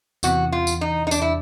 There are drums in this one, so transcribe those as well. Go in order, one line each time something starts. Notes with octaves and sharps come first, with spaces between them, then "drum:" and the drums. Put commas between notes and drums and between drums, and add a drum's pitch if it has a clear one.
E2 C3 E3 F#4, drum: tambourine
F4
drum: tambourine
D#4
D#4
D4, drum: tambourine
E4